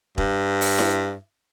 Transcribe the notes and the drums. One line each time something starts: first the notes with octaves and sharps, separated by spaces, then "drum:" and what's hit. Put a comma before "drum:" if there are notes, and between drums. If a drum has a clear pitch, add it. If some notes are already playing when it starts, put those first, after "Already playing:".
G2, drum: kick E1
drum: open hi-hat
drum: snare E4